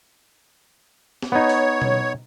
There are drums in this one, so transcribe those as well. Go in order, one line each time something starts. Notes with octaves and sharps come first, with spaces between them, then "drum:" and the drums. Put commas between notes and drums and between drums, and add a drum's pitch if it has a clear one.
drum: snare
B3 D#4 C#5
drum: open hi-hat
drum: tom B2